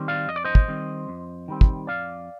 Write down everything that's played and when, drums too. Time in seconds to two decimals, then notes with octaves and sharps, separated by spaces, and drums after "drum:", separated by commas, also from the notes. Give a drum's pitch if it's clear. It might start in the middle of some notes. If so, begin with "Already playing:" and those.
Already playing: D#3 G3 C4
0.08 D5 F5
0.29 F2 D#5
0.36 D5
0.44 C5 D#5
0.55 drum: kick
0.68 D#3 G3 C4
1.09 F2
1.48 D#3 G3 C4
1.61 drum: kick
1.87 F2 D5 F5